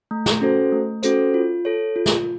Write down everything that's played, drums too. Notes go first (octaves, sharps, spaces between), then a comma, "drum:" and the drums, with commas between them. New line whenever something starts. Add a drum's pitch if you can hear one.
A3
drum: snare
C#4 F#4 A4 C5
A3
C#4 F#4 A4 C5, drum: hi-hat
F4
A4 C#5
F4
drum: snare